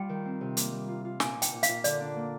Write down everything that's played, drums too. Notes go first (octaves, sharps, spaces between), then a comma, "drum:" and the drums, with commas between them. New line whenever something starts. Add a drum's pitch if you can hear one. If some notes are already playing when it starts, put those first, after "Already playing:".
Already playing: G3 F4 G5
D#3
C4
C3
A#3, drum: hi-hat
G3
F4
F4
A#2 G#5, drum: snare
D#4
G5, drum: hi-hat
A#2
F5, drum: hi-hat
A#2
D3 D5, drum: hi-hat
D4
A#3